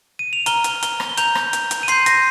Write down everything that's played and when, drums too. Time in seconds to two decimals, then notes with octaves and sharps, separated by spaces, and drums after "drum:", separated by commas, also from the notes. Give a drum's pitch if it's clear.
0.19 D#7
0.33 F7
0.46 A#5 F6 G7, drum: hi-hat
0.64 drum: hi-hat
0.83 G7, drum: hi-hat
1.00 drum: rim click
1.09 G7
1.17 A#5 G6 F7, drum: hi-hat
1.35 drum: rim click
1.53 drum: hi-hat
1.71 drum: hi-hat
1.83 D#7
1.88 C6 G6 C7, drum: hi-hat
2.06 A#6, drum: hi-hat